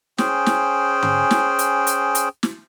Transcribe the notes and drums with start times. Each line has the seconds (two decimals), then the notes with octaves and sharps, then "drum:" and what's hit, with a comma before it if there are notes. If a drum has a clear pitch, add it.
0.18 C#4 G#4 C5 G5, drum: snare
0.46 drum: snare
1.03 drum: tom
1.31 drum: snare
1.59 drum: hi-hat
1.87 drum: hi-hat
2.15 drum: hi-hat
2.43 drum: snare